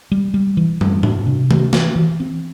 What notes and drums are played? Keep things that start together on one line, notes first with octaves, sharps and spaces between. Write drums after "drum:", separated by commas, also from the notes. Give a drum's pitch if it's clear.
G3
G3
E3
G3, drum: tom
D4, drum: tom G#2
C3
A3, drum: tom D#3
E3, drum: snare
E3
C4